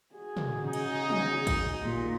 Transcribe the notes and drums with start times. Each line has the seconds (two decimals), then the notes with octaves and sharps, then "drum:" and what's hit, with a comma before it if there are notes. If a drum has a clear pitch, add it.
0.15 F#4 G#4
0.37 drum: tom
0.63 C#3 D#4
0.73 drum: cymbal
1.10 drum: tom
1.47 drum: kick A1, cymbal
1.84 D#2 A#2